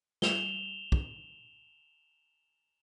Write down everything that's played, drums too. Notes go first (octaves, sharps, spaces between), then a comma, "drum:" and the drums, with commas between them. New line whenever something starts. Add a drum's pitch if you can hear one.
E7 F7 G7, drum: snare
drum: kick